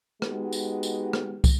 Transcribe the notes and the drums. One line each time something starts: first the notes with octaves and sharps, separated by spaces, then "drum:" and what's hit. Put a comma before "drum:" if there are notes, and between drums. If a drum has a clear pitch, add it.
G#3 B3 D#4 F#4 G4, drum: rim click
drum: tambourine
drum: tambourine
drum: rim click
drum: kick, tambourine